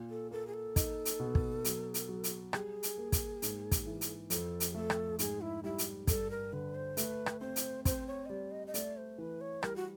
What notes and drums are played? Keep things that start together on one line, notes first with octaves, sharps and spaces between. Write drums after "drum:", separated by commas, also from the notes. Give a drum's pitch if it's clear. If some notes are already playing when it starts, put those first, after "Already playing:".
Already playing: A#2
A4
A#3 A4
G#4
A4
D#4, drum: kick, hi-hat
drum: hi-hat
B2
drum: kick
F#3, drum: hi-hat
drum: hi-hat
F#3
drum: hi-hat
G3 G#4, drum: rim click
drum: hi-hat
A#3
drum: kick, hi-hat
G#2, drum: hi-hat
drum: kick, hi-hat
E3
drum: hi-hat
F2 A4, drum: hi-hat
drum: hi-hat
G#4
A3 A4
drum: rim click
G#2 G#4, drum: hi-hat
E4
G3 E4
drum: hi-hat
G2 A4, drum: kick, hi-hat
A#4
D3 B4
C5
A3 B4, drum: hi-hat
drum: rim click
C4 C5
drum: hi-hat
C4 C5, drum: kick, hi-hat
C#5
D#5
G3 D5
D#5
D#5
A3 D5, drum: hi-hat
C5
E3 B4
C#5
G3 A#4, drum: rim click
F#4